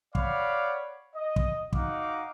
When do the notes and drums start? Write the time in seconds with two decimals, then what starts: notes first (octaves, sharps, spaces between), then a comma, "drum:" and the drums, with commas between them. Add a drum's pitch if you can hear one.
0.15 C#5 D5 F5 F#5 B5 D6, drum: kick
1.16 D#5
1.36 drum: kick
1.73 D#4 F#4 F5 F#5 D6, drum: kick